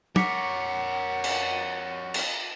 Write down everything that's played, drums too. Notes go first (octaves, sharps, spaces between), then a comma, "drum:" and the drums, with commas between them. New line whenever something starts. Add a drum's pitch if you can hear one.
A#4 C#5 F#5 D6 B6 C#7, drum: tom
drum: cymbal
drum: cymbal